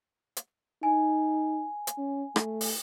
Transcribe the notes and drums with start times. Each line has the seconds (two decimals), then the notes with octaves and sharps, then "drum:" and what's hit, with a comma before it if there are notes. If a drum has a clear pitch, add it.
0.37 drum: hi-hat
0.83 D#4 G#5
1.87 drum: hi-hat
1.98 C#4
2.36 A3, drum: rim click
2.61 drum: open hi-hat